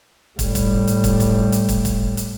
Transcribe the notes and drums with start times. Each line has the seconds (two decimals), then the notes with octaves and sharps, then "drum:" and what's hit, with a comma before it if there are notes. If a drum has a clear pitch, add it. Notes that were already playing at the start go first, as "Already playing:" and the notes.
0.39 A2 G3, drum: kick, hi-hat
0.55 drum: kick, hi-hat
0.87 drum: hi-hat
1.04 drum: kick, hi-hat
1.20 drum: kick, hi-hat
1.52 drum: hi-hat
1.69 drum: kick, hi-hat
1.85 drum: kick, hi-hat
2.17 drum: hi-hat